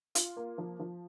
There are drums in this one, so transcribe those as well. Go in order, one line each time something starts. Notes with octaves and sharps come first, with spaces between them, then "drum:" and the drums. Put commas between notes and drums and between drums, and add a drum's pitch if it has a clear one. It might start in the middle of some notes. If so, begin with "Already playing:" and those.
F4, drum: hi-hat
A#3
F3
F3